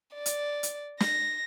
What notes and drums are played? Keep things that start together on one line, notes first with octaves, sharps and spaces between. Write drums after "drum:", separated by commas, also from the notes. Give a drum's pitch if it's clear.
D5
drum: hi-hat
drum: hi-hat
A#6, drum: snare